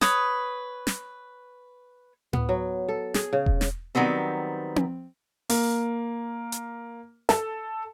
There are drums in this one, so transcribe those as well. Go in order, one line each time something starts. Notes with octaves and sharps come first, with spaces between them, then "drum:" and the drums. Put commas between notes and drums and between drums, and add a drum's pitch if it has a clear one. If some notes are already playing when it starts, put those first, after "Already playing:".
B4 C#5 D#6, drum: snare
drum: snare
B3, drum: tom A2
F#3
A4
G#4, drum: snare
C#3
drum: kick E1
drum: snare
D#3 F#3 G3 B3 C4
drum: tom C4
A#3, drum: open hi-hat
drum: hi-hat
A4, drum: snare